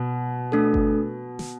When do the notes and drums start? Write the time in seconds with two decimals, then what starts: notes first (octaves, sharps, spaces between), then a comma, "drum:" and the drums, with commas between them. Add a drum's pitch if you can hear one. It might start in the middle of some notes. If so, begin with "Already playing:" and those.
Already playing: B2
0.52 A3 D4 A4
0.74 drum: kick G1
1.39 drum: snare